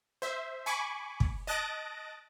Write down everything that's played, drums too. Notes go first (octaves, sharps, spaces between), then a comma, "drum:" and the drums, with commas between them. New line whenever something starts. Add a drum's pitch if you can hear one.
C5 E5
G#5 B5 C#6 D6
drum: kick
D#5 A5 F#6 A6 A#6 D7